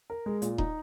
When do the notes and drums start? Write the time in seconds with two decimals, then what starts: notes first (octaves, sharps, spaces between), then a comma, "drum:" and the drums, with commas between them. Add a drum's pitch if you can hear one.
0.10 A#4
0.26 G#3
0.42 A#2, drum: hi-hat
0.58 D#4, drum: kick D#1